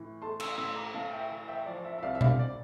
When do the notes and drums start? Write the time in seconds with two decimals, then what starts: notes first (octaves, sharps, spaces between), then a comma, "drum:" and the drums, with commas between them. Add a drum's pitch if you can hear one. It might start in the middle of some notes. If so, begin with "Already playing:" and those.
Already playing: A2 E3
0.22 A3 A5 C6
0.40 C6 E6, drum: cymbal
0.58 A2 C6 E6
0.76 A#5 D6
0.94 A2 F5 A5
1.12 E5 G5
1.31 E3
1.48 E5 G5
1.66 F3 D5
1.85 E5
1.98 E5
2.03 C2 D5 F5
2.15 E5
2.21 D5 F5, drum: tom B2
2.39 D5